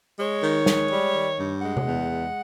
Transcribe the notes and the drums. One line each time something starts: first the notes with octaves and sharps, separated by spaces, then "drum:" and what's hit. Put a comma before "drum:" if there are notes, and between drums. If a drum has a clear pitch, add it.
G#3 C#5
D#3
G#3, drum: snare
G3
D#3
G2
G#3 F#5
drum: tom C3
E2
G#3